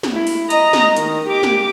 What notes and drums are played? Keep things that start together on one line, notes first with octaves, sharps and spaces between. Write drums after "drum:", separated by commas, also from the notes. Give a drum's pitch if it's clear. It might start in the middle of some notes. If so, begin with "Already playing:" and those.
drum: snare
E4
drum: open hi-hat
D#5 A#5, drum: hi-hat
drum: snare
D#3, drum: hi-hat
G4 D6
drum: snare